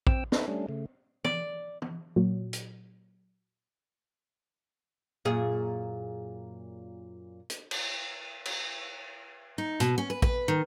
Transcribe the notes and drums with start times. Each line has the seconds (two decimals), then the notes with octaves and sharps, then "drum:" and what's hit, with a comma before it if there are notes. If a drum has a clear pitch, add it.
0.07 C4 G5 E6, drum: kick
0.32 D#4 A4 B4 E5, drum: snare
0.48 G3 A3 C#4 D4
0.69 C#3 A3
1.25 D5, drum: tom
1.82 drum: tom
2.16 A#2 F#3
2.53 drum: hi-hat
5.25 F#2 A#2 G#4
7.50 drum: hi-hat
7.71 drum: cymbal
8.46 drum: cymbal
9.58 D#4
9.80 B2, drum: hi-hat
9.98 C#4
10.10 B4
10.22 B4, drum: kick
10.48 D#3